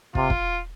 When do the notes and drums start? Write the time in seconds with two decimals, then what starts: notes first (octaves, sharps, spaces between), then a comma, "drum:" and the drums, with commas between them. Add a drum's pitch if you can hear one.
0.15 C3 F4, drum: kick
0.30 drum: kick